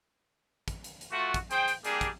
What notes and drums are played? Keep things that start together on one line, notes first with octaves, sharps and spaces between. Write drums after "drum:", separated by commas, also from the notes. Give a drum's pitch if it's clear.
drum: kick, hi-hat
drum: hi-hat
drum: hi-hat
A3 F4 F#4
drum: kick, hi-hat
G#4 C5 G5, drum: hi-hat
drum: hi-hat
G3 A#3 D4 G4 G#4, drum: hi-hat
drum: kick, hi-hat